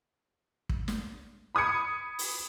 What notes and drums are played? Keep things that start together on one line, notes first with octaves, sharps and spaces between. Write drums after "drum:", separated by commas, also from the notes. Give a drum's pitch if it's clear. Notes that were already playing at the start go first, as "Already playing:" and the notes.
drum: kick
drum: snare
B5 D#6 G#6 C#7
drum: open hi-hat